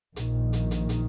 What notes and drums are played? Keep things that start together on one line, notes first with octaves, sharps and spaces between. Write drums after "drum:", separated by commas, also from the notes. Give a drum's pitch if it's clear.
A#1 A#2 D#3, drum: hi-hat
drum: hi-hat
drum: hi-hat
drum: hi-hat